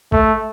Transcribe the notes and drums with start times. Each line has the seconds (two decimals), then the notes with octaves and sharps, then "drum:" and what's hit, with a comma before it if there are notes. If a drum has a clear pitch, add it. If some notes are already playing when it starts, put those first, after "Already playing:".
0.12 A3, drum: kick A1